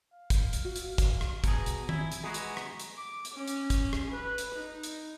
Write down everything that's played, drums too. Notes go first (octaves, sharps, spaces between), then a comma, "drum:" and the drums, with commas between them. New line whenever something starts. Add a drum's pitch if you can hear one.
F5
drum: kick, hi-hat
drum: hi-hat
F#4
drum: hi-hat
drum: kick, hi-hat
drum: rim click
B2 G#4 A#5, drum: kick, hi-hat
drum: hi-hat
E4 G#5, drum: tom
drum: hi-hat
G#3 B3 F#4 G#4 G#5 A#5
drum: hi-hat
drum: rim click
drum: hi-hat
D6
drum: hi-hat
C#4
drum: hi-hat
drum: kick, hi-hat
drum: rim click
B4
drum: hi-hat
D#4
drum: hi-hat